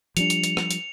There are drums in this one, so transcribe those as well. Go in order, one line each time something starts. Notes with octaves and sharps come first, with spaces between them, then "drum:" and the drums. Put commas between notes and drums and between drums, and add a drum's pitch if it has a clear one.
F3 G3 D4 C#7 F7, drum: hi-hat
drum: hi-hat
drum: hi-hat
drum: rim click
drum: hi-hat